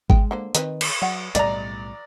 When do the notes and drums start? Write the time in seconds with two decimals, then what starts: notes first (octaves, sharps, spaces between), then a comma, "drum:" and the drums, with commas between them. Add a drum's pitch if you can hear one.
0.10 G#3 G5, drum: kick G#1
0.31 D3 A#3 C5
0.55 D#3 C4 B4 D#5, drum: hi-hat
0.81 drum: cymbal
1.02 F#3 D5 F#5
1.35 B1 A2 E3 G3 D5 D#5 A#5, drum: hi-hat